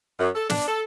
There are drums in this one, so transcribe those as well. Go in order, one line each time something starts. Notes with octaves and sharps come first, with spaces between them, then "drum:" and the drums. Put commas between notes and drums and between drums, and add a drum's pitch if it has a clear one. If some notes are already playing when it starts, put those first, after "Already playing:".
F#2
A4
D4, drum: snare
A4